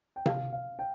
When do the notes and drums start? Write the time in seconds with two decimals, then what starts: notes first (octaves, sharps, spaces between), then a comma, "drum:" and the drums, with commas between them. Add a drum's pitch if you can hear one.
0.16 G5
0.26 F5, drum: tom C3
0.53 F5
0.79 G5